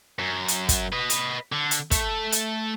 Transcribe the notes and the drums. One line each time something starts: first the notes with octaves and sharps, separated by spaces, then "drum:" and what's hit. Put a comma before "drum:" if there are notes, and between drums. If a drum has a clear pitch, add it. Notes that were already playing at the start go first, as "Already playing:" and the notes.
F#2
drum: hi-hat
drum: kick, hi-hat
B4 D#5
drum: hi-hat
D3
drum: hi-hat
A3, drum: kick, hi-hat
drum: hi-hat